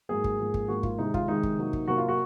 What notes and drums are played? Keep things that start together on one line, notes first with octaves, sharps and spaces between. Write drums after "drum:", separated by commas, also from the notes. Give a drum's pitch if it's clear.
G#2 F#3 A#3 G#4
drum: kick
G#2 F3 A#3
drum: kick
G#2 F3 A#3 F#4
F4, drum: kick
C3 D#3 G#3 D#4
F4, drum: kick
C3 D#3 G#3 D#4
drum: kick
C3 F#3 A#3
drum: kick
C3 F#3 A#3 F#4
F4
F#4